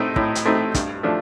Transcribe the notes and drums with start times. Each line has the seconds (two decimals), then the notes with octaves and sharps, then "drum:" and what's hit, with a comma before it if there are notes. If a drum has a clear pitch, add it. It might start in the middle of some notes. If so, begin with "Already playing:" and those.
Already playing: A2 A3 C4 D#4
0.16 A2, drum: kick
0.35 drum: hi-hat
0.45 A3 C4 D#4
0.74 G2, drum: kick, hi-hat
1.03 F3 A3 D4